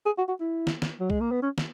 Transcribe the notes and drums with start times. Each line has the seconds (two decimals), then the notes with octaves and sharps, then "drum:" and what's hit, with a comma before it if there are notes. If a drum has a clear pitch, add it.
0.06 G#4
0.18 F#4
0.28 F#4
0.40 E4
0.67 drum: snare
0.82 drum: snare
1.00 F#3
1.10 G#3, drum: kick C2
1.21 A#3
1.31 B3
1.42 C#4
1.58 drum: snare